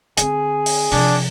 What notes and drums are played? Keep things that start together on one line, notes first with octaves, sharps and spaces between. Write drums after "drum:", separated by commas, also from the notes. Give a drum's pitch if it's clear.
D3 C4 G#4, drum: hi-hat
drum: open hi-hat
C3 F3 D4, drum: open hi-hat